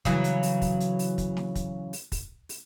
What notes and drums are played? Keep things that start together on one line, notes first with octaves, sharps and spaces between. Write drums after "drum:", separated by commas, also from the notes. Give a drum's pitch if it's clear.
C#3 E3 F#3, drum: kick, hi-hat
drum: hi-hat
drum: open hi-hat
drum: kick, open hi-hat
drum: hi-hat
drum: open hi-hat
drum: kick, hi-hat
drum: snare
drum: kick, hi-hat
drum: open hi-hat
drum: kick, open hi-hat
drum: open hi-hat